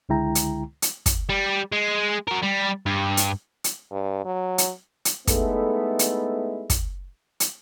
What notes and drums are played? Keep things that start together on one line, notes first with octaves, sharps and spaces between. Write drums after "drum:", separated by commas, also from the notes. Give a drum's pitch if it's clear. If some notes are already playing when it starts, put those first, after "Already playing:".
C#2 D3 G#3 E4 G5 A#5
drum: hi-hat
drum: hi-hat
drum: kick, hi-hat
G3
G#3
F#4 A#4
G3
G2
drum: hi-hat
drum: hi-hat
G2
F#3
drum: hi-hat
drum: hi-hat
G#3 A3 B3 D#4 E4 A4, drum: kick, hi-hat
drum: hi-hat
drum: kick, hi-hat
drum: hi-hat